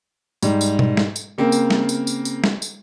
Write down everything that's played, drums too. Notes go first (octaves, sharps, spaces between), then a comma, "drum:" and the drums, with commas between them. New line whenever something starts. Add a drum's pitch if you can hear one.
G#2 G3, drum: tambourine
drum: tambourine
drum: tom B2
drum: snare
drum: tambourine
C#3 A#3 C4
drum: tambourine
drum: snare
drum: tambourine
drum: tambourine
drum: tambourine
drum: snare
drum: tambourine